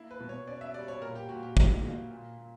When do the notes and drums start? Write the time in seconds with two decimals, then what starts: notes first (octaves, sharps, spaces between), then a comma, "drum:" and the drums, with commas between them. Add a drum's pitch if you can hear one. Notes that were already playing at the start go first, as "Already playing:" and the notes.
Already playing: A#3 D4 E4
0.11 B4
0.20 B2
0.29 C#5
0.47 C#4 D5
0.61 E5
0.74 G3 D5
0.88 C#5
1.02 A#2 A#4
1.15 G4
1.29 A#2 F#4
1.43 G4
1.57 E4, drum: kick
1.83 A#3
2.11 A#2
2.38 A#2